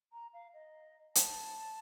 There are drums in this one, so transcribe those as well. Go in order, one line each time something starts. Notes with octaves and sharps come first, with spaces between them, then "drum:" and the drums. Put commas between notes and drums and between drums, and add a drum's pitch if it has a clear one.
A#5
F5
D#5
A5, drum: hi-hat